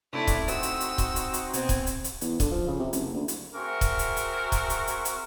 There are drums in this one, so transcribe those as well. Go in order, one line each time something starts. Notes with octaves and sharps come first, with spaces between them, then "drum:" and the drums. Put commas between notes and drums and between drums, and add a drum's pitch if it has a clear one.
C3 A3 C#4 D4 E4
drum: kick, hi-hat
C4 D#4 F#4 E6, drum: hi-hat
drum: hi-hat
drum: hi-hat
drum: kick, hi-hat
drum: hi-hat
drum: hi-hat
B2 C4 G#5, drum: hi-hat
drum: kick, hi-hat
drum: hi-hat
drum: hi-hat
E2, drum: hi-hat
D3, drum: kick, hi-hat
F3
C#3
C3
F#1, drum: hi-hat
D2
drum: hi-hat
C4 F#4 G#4 A#4 E5 C#6
drum: kick, hi-hat
drum: hi-hat
drum: hi-hat
drum: kick, hi-hat
drum: hi-hat
drum: hi-hat
drum: hi-hat